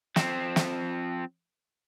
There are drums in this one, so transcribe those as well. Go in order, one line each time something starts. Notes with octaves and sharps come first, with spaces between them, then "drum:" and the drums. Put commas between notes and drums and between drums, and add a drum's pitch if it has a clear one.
F3 C4, drum: snare
drum: snare